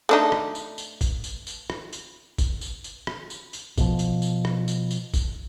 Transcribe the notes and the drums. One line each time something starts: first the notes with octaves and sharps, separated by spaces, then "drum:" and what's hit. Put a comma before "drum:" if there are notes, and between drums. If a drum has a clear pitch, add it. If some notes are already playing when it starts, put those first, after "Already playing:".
A3 D4 D#4
drum: rim click
drum: tambourine
drum: tambourine
drum: kick, tambourine
drum: tambourine
drum: tambourine
drum: rim click
drum: tambourine
drum: kick, tambourine
drum: tambourine
drum: tambourine
drum: rim click
drum: tambourine
drum: tambourine
B2 F3, drum: kick, tambourine
drum: tambourine
drum: tambourine
drum: rim click
drum: tambourine
drum: tambourine
drum: kick, tambourine